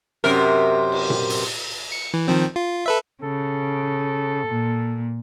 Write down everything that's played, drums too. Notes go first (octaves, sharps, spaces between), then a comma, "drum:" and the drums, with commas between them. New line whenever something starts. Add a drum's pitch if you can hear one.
F#2 C3 A#4
drum: cymbal
drum: tom A#2
drum: open hi-hat
C#7
E3
D#3 F3 C4
F4
A4 B4 E5
C#3 A4
A#2